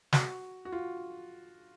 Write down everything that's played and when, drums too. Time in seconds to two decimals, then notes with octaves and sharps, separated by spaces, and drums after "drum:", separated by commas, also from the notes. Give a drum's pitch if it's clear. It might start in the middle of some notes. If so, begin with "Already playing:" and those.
0.13 F#4, drum: snare
0.65 F#4
0.72 F4